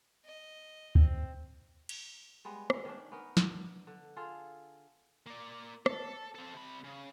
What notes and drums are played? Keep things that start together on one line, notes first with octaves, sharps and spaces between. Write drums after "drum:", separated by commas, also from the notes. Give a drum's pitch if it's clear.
D#5
C4, drum: kick D2
drum: cymbal
G3 G#3 B3
drum: rim click
D#3 C#4 D4
B3 C#4 D#4 A#4
D4, drum: snare
D3
F4 G#4 A4 F5
A#3 D5
A4, drum: rim click
C4 A4
C3 B5
C#3